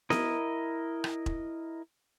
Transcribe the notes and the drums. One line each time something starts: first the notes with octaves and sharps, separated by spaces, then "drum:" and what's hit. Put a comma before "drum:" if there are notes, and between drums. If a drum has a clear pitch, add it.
E4 A#4 D#5, drum: snare B3
drum: rim click
drum: kick E1